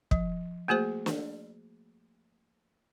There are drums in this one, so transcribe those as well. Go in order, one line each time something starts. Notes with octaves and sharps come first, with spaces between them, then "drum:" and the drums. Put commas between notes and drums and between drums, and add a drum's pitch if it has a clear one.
F3, drum: kick
A3 A#3 F#4 G#4 C5
drum: snare